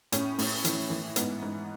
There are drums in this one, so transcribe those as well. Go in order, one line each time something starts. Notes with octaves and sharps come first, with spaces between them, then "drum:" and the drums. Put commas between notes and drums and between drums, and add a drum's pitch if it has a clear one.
A2 C#4, drum: hi-hat
A2, drum: open hi-hat
E3, drum: hi-hat
E3
G#2 B3, drum: hi-hat
G#2